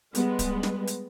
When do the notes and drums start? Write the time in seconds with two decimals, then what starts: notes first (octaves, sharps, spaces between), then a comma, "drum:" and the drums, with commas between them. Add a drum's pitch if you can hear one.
0.15 G3 G#3 B3, drum: hi-hat
0.39 drum: kick D1, hi-hat
0.63 drum: snare
0.87 drum: hi-hat